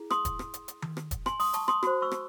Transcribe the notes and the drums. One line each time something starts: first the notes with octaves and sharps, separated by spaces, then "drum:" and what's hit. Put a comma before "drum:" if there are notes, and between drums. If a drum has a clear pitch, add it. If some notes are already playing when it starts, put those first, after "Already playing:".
Already playing: E4 G#4
C6 D#6, drum: rim click
drum: kick E1, hi-hat
drum: rim click
drum: hi-hat
drum: hi-hat
drum: tom D#3
drum: rim click
drum: kick E1, hi-hat
G#5 C6, drum: rim click
C6 D#6, drum: open hi-hat
A5 C#6, drum: hi-hat
C6 D#6, drum: rim click
F#4 C5, drum: rim click
C#6 E6
drum: rim click